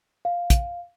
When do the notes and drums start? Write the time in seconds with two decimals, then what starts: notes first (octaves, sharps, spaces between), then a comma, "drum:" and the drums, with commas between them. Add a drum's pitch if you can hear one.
0.25 F5
0.50 drum: kick, hi-hat